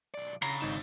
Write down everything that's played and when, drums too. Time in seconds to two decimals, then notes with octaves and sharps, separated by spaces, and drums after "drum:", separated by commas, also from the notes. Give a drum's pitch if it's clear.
0.14 B1 D5
0.42 C#3 A#5 B5 C7, drum: cymbal
0.61 G#1 D#4 E7